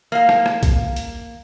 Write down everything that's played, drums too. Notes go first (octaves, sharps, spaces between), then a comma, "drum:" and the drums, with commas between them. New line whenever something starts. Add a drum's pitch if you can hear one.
A#3 F5
drum: rim click
drum: rim click
drum: kick, hi-hat
drum: hi-hat